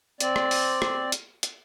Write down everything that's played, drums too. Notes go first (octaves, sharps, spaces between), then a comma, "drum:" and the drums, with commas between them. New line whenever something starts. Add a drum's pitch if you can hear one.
C4 D5, drum: hi-hat
drum: rim click
drum: open hi-hat
drum: rim click
drum: hi-hat
drum: hi-hat